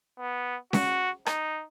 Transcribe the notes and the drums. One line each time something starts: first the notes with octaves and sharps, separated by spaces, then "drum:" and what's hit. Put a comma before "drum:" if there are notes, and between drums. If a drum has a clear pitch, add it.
B3
F#4, drum: snare C#4
D#4, drum: rim click